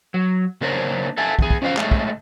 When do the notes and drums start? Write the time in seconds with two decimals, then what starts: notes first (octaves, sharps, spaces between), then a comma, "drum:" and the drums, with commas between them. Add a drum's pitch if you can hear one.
0.14 F#3
0.61 C#3 A#3 D4 A#4 C5 C#5
1.17 A4 E5 F#5 G#5 A5
1.39 E2 G#4, drum: kick
1.50 drum: kick
1.62 C#4 F4 C5 E5 F5
1.77 G#3 A3 A4 C#5 D#5 E5, drum: clap
1.91 drum: kick